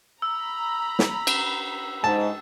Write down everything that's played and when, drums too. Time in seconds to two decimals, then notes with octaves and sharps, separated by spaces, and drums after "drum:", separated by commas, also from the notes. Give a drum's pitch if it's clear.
0.22 A#5 B5 E6
0.99 drum: snare
1.27 drum: cymbal
2.04 G#2 A5